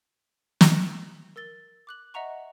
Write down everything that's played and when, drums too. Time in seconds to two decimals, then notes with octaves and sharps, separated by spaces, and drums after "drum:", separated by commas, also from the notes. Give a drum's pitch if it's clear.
0.61 drum: snare
1.36 A#4 E6 A6 G7
1.87 D6 F#6 F#7
2.14 D#5 E5 F#5 A#5 C#6